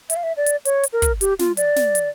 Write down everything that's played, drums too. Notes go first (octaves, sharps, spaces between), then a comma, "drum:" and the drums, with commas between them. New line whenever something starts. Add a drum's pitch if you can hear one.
E5, drum: hi-hat
F5
E5
D5
drum: hi-hat
C#5, drum: hi-hat
drum: hi-hat
A#4
drum: kick, hi-hat
G4, drum: hi-hat
F4, drum: snare
D5, drum: hi-hat
drum: snare
drum: hi-hat